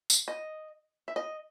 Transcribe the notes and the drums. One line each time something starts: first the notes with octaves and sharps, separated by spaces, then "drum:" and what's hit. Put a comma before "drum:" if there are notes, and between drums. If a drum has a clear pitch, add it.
drum: tambourine
D#5
E5
D#5